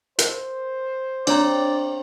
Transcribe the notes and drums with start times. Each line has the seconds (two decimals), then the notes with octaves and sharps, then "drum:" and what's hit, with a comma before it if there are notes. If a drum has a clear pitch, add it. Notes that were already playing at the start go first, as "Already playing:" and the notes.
0.19 A#4 C5, drum: hi-hat
1.27 C4 D4 C#5 D5 A#5, drum: cymbal